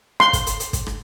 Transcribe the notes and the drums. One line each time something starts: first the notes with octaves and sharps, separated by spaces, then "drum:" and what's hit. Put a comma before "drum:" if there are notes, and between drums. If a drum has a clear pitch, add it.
C6, drum: rim click
drum: kick, hi-hat
drum: hi-hat
drum: hi-hat
drum: kick, hi-hat
drum: rim click